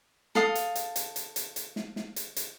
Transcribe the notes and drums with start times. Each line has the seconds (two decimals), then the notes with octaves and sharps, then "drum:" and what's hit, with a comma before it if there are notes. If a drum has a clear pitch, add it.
0.35 A4 F5 D#6, drum: snare
0.55 drum: hi-hat
0.75 drum: hi-hat
0.96 drum: hi-hat
1.16 drum: hi-hat
1.36 drum: hi-hat
1.56 drum: hi-hat
1.76 drum: snare
1.96 drum: snare
2.16 drum: hi-hat
2.36 drum: hi-hat